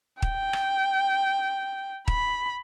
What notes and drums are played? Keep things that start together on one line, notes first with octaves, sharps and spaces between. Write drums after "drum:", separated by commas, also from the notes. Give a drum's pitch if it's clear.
G5, drum: kick
drum: rim click
B5, drum: kick